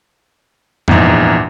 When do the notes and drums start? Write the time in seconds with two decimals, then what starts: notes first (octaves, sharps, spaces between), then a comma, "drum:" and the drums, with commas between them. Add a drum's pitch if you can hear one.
0.88 A#1 E2 G#2, drum: tom F2